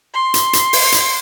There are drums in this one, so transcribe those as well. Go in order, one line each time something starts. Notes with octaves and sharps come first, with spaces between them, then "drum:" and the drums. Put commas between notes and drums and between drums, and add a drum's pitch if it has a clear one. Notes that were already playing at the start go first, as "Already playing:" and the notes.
C6
drum: hi-hat
drum: hi-hat
drum: open hi-hat
drum: hi-hat